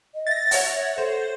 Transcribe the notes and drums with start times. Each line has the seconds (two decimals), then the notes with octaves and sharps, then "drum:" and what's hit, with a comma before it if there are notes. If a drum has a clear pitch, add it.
0.14 D#5
0.27 E5 A6 A#6
0.51 C#5 F#5, drum: open hi-hat
0.98 A4 C5